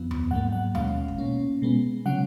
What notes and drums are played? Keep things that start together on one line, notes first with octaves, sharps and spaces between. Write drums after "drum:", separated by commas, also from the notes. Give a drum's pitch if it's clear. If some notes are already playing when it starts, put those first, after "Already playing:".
Already playing: F2 F3 B3
drum: tom D#2
G#2 F#3 A#3 F#5
F#5
B2 G#3 C#4 F5, drum: tom D#2
drum: kick
B2 A#3 C#4
B2 G#3 B3
C#3 F#3 C#4 F#5